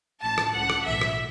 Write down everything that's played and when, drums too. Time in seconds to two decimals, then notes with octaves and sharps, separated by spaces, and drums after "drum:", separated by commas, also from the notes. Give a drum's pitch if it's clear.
0.22 A1 A2 E3 A5
0.38 drum: rim click
0.53 C#2 C#3 E3 F#5
0.70 drum: rim click
0.85 B1 A2 E3 E5
1.01 drum: rim click